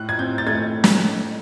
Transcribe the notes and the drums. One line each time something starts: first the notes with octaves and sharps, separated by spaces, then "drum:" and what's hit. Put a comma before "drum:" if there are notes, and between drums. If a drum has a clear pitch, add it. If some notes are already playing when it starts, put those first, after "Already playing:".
Already playing: A2 F#6
G#6
C4 G6
A6
A3 G#6
drum: snare